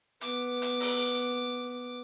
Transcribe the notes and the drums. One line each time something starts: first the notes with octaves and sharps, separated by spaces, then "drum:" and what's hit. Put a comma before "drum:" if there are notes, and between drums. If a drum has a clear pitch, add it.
B3 D6, drum: hi-hat
drum: hi-hat
drum: open hi-hat